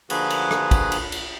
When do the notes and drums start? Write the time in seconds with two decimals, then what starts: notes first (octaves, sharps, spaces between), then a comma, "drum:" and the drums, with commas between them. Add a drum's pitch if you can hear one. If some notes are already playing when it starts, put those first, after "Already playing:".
0.10 D3 F3 A#3 F#4 G#4 B4, drum: cymbal
0.30 drum: cymbal
0.51 drum: rim click
0.71 drum: kick, cymbal
0.92 drum: cymbal
1.12 drum: cymbal